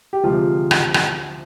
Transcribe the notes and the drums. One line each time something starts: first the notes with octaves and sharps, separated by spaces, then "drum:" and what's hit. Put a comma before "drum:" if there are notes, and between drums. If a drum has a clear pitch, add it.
G4
D2 C3 F3 G#3 F4
drum: rim click
drum: rim click